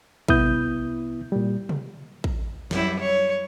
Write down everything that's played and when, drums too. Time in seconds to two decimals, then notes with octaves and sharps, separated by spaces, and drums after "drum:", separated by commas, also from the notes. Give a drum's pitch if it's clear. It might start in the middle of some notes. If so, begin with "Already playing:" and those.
0.28 C2 B3 E4 D#6 G6, drum: kick
1.32 A#2 G3
1.69 drum: tom C3
2.24 drum: kick
2.71 F#2 G3 E4, drum: snare
3.00 C#5